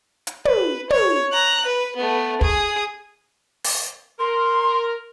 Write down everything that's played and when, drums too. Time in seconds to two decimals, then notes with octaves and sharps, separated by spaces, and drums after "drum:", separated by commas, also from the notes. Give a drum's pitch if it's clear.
0.27 drum: hi-hat
0.45 B4, drum: tom
0.90 C#5, drum: tom
1.33 A#5 F#6
1.66 B4
1.96 A3 B3
2.41 G#4 D#6, drum: kick
3.64 drum: open hi-hat
4.20 A#4 C6